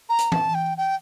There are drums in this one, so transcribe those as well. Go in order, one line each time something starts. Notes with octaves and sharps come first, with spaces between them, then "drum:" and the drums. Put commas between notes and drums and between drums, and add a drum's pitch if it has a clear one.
A#5
drum: hi-hat
A5, drum: tom E3
G5
G5